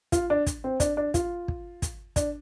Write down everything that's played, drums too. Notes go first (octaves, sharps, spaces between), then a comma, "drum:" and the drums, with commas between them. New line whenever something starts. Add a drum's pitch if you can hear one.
F4, drum: kick, hi-hat
D4
drum: kick, hi-hat
C4
D4, drum: kick, hi-hat
D4
F4, drum: kick, hi-hat
drum: kick
drum: kick, hi-hat
D4, drum: kick, hi-hat